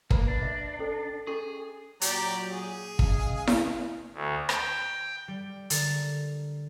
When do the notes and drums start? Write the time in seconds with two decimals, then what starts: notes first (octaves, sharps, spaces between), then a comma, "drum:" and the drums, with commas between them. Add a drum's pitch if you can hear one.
0.10 A#3 B4 C5 B5, drum: kick
0.28 D4
0.42 E5 F#5
0.79 C#4 A4 C5
1.27 C#4 G#4 A4 C#6
2.01 A#2 F#3 G4 D5 A#5, drum: hi-hat
2.52 G#4
2.99 C#3 G#3 F5, drum: kick
3.47 drum: snare E4
4.14 D2
4.49 G5, drum: rim click
5.28 G3
5.70 D3 A#4 A6, drum: hi-hat